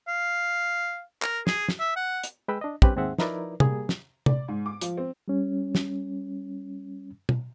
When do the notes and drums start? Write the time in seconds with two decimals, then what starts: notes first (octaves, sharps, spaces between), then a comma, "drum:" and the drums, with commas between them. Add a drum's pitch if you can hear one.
0.08 F5
1.23 A#4, drum: clap
1.47 G#4, drum: snare
1.68 drum: snare
1.80 E5
1.96 F#5
2.23 drum: hi-hat
2.48 G#3 B4 G5 B5 E6
2.61 D4 D#5
2.82 G2 C4 C#4 G4 B4 F#6, drum: kick
2.96 D#2 G#2 C4 G#4 E5 F#5
3.18 F3 D#4 E4 A#4 B4 D5, drum: snare
3.60 G3 A#3 G#4, drum: tom C3
3.89 drum: snare
4.26 D5, drum: tom C3
4.48 G#2
4.66 D6
4.81 F3, drum: hi-hat
4.97 C4
5.28 G3 C#4
5.75 drum: snare
7.29 drum: tom